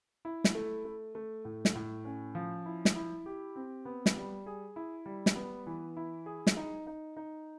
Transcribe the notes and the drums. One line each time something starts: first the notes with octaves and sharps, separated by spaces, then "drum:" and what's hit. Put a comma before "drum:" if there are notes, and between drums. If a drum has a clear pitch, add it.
E4
drum: snare
A3
A3
A3
A2
drum: snare
A2
C#4
F3
E4
drum: snare
E4
G4
C4
B3
drum: snare
G3
G#4
E4
G3
drum: snare
B3
E3
E4
G#4
drum: snare
D#4
D#4
D#4